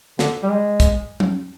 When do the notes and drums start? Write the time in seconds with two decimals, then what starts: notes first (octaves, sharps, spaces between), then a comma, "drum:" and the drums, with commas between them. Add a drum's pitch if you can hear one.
0.19 D3, drum: snare
0.43 G3
0.49 G#3
0.80 drum: kick, hi-hat
1.20 drum: tom F3